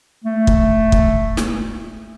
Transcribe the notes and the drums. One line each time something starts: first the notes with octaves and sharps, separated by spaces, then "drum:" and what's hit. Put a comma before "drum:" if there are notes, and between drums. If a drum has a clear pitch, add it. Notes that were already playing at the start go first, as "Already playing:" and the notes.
A3
drum: kick
drum: kick
drum: snare